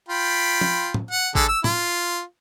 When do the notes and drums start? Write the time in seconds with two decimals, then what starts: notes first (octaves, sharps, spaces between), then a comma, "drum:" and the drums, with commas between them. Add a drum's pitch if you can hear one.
0.09 F4 G5 B5
0.61 drum: tom
0.94 drum: tom
1.11 F#5
1.35 D3 G#4 A4, drum: kick A1
1.48 E6
1.64 F4, drum: tom